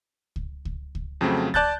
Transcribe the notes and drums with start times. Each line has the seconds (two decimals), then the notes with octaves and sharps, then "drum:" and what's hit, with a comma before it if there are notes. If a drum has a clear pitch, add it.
0.36 drum: kick C#2
0.65 drum: kick C#2
0.95 drum: kick C#2
1.21 F2 C#3 F#3 A3 C4
1.54 D5 A5 F#6 G6 A6, drum: kick C#2